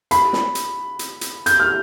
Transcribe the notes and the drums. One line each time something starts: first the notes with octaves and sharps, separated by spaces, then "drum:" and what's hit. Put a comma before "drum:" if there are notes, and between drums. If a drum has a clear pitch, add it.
B5, drum: hi-hat
drum: snare
drum: hi-hat
drum: hi-hat
drum: hi-hat
G6, drum: hi-hat
F6